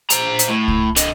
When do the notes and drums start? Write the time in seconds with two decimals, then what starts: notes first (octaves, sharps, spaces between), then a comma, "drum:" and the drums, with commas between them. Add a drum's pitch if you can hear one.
0.10 C5 A#5, drum: hi-hat
0.39 drum: hi-hat
0.49 A2
0.68 drum: kick C2
0.97 D3 D#5, drum: hi-hat